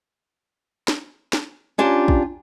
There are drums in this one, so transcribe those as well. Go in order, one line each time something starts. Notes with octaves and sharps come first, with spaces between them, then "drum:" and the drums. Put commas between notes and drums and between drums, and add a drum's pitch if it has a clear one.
drum: snare
drum: snare
C#4 D4 F4 G4 A#5
drum: kick